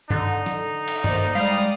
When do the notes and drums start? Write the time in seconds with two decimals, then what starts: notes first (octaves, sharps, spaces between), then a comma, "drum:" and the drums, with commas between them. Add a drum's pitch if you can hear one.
0.10 D3 D#4, drum: tom G2
0.46 drum: snare
0.88 drum: cymbal
1.04 A#3 C5 D5 D#5, drum: tom G2
1.35 G3 G#3 D5 F5 D#6